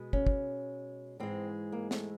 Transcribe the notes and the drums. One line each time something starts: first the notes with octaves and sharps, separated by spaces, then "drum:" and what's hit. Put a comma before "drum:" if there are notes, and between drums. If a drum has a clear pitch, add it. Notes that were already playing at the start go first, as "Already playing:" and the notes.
Already playing: B2 G#3
C#4, drum: kick
drum: kick
G#2 E3 G#3 C4
A#3
A3, drum: snare